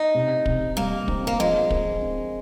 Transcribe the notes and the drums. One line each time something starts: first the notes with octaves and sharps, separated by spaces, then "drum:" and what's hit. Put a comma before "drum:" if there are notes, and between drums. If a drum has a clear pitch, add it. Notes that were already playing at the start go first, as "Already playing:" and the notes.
Already playing: D#4
C3
C3, drum: kick
G3 A#3
C4, drum: kick
A#3
F3 G#3
A#4, drum: kick
C4